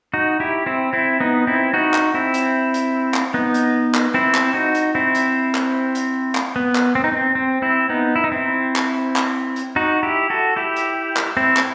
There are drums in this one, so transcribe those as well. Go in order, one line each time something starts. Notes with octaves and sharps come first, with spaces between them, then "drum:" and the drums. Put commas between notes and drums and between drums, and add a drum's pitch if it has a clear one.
D#4 F#4
E4 G4
C4 E4
C4 E4
B3 D#4
C4 E4
D#4 F#4
drum: clap
C4 E4
drum: hi-hat
drum: hi-hat
drum: clap
B3 D#4
drum: hi-hat
drum: clap
C4 E4
drum: clap
D#4 F#4
drum: hi-hat
C4 E4
drum: hi-hat
drum: clap
drum: hi-hat
drum: clap
B3
drum: clap
C4
D#4
C4
C4
C4 E4
B3 D#4
E4
D#4
C4 E4
drum: clap
drum: clap
drum: hi-hat
D#4 F#4
E4 G4
F#4 A4
E4 G4
drum: hi-hat
drum: clap
C4 E4
drum: clap